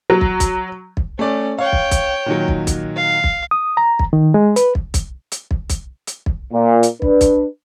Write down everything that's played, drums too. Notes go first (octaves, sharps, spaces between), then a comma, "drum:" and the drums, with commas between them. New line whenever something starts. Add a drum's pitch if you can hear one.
F#3
drum: kick
drum: kick, hi-hat
drum: kick
A3 C#4 D5
C#5 F5 G5
drum: kick
drum: kick, hi-hat
A#2 D#3 F#3
drum: kick
drum: kick, hi-hat
F5
drum: kick
D#6
A#5
drum: kick
D#3
G#3
B4, drum: hi-hat
drum: kick
drum: kick, hi-hat
drum: hi-hat
drum: kick
drum: kick, hi-hat
drum: hi-hat
drum: kick
A#2
drum: hi-hat
D4 B4, drum: kick
drum: kick, hi-hat